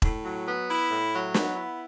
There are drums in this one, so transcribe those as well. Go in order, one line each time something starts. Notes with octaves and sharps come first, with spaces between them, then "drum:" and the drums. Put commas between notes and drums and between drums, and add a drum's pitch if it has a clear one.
A2, drum: kick E1
F#3
B3
E4
A2
F#3
B3, drum: snare
E4